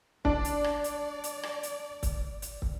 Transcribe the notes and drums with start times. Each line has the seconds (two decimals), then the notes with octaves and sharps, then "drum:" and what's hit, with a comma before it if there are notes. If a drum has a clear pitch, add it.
0.25 D4 D5, drum: kick
0.45 drum: hi-hat
0.64 drum: rim click
0.84 drum: hi-hat
1.24 drum: hi-hat
1.43 drum: rim click
1.63 drum: hi-hat
2.03 drum: kick, hi-hat
2.42 drum: hi-hat
2.62 drum: kick